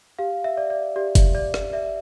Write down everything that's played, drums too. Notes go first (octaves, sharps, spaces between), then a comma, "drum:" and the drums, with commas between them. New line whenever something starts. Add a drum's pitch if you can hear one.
G4 F5
E5
D5
D5
G4 D5
drum: kick F#1, hi-hat
D5
drum: rim click
D5 E5